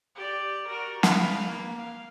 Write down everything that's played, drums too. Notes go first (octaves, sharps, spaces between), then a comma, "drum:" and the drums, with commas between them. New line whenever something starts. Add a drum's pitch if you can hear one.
G4 D5
F#4 A#4
B4 F5, drum: snare
A#3
F5